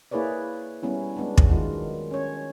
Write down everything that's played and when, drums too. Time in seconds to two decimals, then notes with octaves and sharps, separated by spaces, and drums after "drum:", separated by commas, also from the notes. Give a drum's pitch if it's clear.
0.11 A#3 E4 G#4 B4 C#5 D5
0.83 G3 B3 C#4 E4
1.17 G#3 B3 D4
1.37 drum: kick
1.49 D#3 F#3 G#3 F4
2.11 C#4 C#5